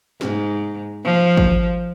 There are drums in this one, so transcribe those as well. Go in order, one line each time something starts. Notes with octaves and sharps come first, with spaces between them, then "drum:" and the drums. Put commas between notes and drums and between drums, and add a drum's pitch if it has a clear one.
G#2, drum: snare A3
F3
drum: kick G#1